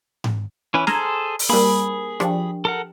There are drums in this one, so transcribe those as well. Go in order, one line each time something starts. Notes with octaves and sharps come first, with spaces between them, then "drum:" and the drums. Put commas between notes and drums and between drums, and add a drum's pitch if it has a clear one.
drum: tom G#2
E3 C#4 B4 G#5
G#4 A4 C5 A#5 F6 G#6, drum: snare
drum: open hi-hat
G3 A#3 D4 G#4 A#4 C5 B5
F3 D4 G4 G5, drum: rim click
A4 A#4 F#5